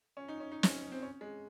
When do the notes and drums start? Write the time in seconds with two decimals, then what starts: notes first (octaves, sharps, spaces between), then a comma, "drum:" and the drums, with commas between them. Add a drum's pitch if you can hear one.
0.17 C#4
0.28 D#4
0.40 C#4
0.52 D#4
0.63 C#4, drum: snare
0.92 C4
1.02 C#4
1.21 G#3